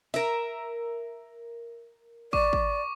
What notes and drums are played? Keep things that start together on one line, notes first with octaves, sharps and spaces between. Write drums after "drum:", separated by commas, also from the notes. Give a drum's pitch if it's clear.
A#4 E5, drum: snare
D5 C#6 D6, drum: kick
drum: kick